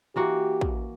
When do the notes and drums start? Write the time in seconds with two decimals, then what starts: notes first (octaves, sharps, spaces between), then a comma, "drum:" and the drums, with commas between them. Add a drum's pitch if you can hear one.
0.16 E3 A#3 F#4 G4
0.61 drum: kick